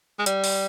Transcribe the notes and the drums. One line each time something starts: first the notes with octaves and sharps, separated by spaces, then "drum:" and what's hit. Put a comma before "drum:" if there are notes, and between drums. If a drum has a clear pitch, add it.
G#3
G3, drum: hi-hat
drum: open hi-hat